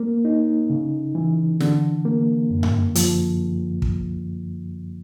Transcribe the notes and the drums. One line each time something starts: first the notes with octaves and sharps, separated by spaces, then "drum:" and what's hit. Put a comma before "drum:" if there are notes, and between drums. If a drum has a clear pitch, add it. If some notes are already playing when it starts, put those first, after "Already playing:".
Already playing: A#3
D#4
C#3
E3
D3, drum: snare
A#3
F#2
drum: tom G2
F3, drum: hi-hat
drum: kick